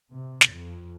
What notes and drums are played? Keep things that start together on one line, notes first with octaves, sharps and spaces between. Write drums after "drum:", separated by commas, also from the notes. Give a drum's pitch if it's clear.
C3
drum: snare
F2